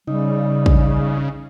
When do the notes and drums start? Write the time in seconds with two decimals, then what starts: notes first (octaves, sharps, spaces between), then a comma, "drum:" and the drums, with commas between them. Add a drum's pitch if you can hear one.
0.07 C#3 G3 D#4
0.66 drum: kick